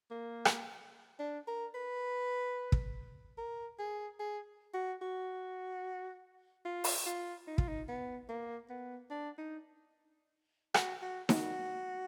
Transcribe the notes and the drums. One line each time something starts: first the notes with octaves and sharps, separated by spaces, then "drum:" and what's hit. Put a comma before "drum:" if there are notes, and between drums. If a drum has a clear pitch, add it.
A#3
drum: rim click
D4
A#4
B4
drum: kick
A#4
G#4
G#4
F#4
F#4
F4
drum: open hi-hat
F4
D#4
F4, drum: kick
D#4
B3
A#3
B3
D4
D#4
F#4, drum: rim click
F#4
F#4, drum: snare D#4